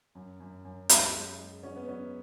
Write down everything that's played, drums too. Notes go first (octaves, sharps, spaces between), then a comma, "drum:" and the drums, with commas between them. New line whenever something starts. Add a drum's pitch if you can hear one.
F#2
F#2
F#2
F#2, drum: hi-hat
G#3
G#3
F#3 C#4
B3
F#3 C#4